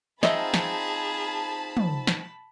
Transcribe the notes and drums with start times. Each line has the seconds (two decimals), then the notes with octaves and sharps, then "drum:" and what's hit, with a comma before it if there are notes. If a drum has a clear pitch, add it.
0.23 C4 D#4 F4 G#4 D#5 E5 A5 B5, drum: snare
0.54 drum: snare
1.77 drum: tom
2.07 drum: snare